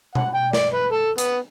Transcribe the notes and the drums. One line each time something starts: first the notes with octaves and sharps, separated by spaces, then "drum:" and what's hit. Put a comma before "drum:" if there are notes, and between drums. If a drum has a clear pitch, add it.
F#5, drum: tom B2
G5
D5, drum: snare
B4
A4
B3, drum: hi-hat